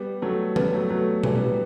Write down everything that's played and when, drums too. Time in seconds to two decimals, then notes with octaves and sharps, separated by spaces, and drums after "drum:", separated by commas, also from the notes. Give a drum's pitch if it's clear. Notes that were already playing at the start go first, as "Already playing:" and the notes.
Already playing: G3 B3
0.22 F#3 A3
0.56 G3 B3, drum: tom E3
0.73 F#3 A3
0.90 F#3 A3
1.23 E3 G3, drum: tom B2
1.35 G3 B3
1.46 G3 B3